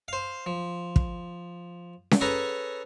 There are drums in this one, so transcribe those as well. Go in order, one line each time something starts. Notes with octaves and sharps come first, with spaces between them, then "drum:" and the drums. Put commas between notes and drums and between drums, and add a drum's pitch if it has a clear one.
C5 F5
F3
drum: kick
drum: snare C#4
C#4 G#4 A4 B4 A#5